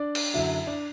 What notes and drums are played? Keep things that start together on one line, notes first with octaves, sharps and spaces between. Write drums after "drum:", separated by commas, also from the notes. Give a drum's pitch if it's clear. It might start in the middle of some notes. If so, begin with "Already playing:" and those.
Already playing: D4 D5
drum: cymbal
F#2 D3 F#3 E4 E5
D4 D5